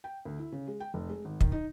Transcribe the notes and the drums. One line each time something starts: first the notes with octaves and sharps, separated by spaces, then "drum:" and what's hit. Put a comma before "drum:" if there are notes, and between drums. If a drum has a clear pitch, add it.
G5
D2
E4
C#3
G#3
G5
F1
G#3
G#1
D#3, drum: kick
D#4